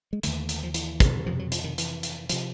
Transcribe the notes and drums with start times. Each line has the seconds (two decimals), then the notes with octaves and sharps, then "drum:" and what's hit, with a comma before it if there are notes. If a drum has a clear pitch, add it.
0.13 G#3
0.23 D#2 D3 A3, drum: hi-hat
0.49 drum: hi-hat
0.63 F3
0.74 E3, drum: hi-hat
1.00 drum: kick, hi-hat
1.26 F2 C3 F3
1.39 F#3
1.52 F3, drum: hi-hat
1.64 D#3
1.78 E3, drum: hi-hat
2.03 drum: hi-hat
2.29 C3 F3, drum: hi-hat